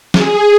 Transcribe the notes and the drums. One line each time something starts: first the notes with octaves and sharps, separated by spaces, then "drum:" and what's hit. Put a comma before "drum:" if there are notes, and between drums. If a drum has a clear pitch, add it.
G#4, drum: snare